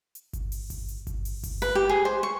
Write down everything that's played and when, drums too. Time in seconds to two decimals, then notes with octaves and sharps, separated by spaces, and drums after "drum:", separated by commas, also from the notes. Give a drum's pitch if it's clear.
0.15 drum: hi-hat
0.33 drum: kick G1, hi-hat
0.52 drum: open hi-hat
0.70 drum: kick G1, open hi-hat
0.88 drum: hi-hat
1.07 drum: kick G1, hi-hat
1.25 drum: open hi-hat
1.43 drum: kick G1, open hi-hat
1.62 B4, drum: hi-hat
1.75 G4
1.89 G#4
2.05 C5
2.23 C#6